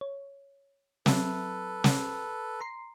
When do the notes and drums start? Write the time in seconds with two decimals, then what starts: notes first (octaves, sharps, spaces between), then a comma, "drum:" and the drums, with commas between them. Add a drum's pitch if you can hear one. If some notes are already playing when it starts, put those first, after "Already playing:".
0.01 C#5
1.06 F#3 C4 A4 B4 E5, drum: snare
1.84 drum: snare
2.61 A#5 C6 C7